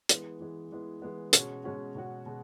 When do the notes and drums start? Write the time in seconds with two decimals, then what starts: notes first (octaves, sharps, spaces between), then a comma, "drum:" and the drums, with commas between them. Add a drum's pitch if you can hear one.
0.09 E3 G#3 B3, drum: hi-hat
0.40 E3 G#3 B3
0.72 E3 G#3 B3
1.02 E3 G#3 B3
1.33 B2 G#3 C#4 F#4, drum: hi-hat
1.64 B2 G#3 C#4 F#4
1.95 B2 G#3 C#4 F#4
2.26 B2 G#3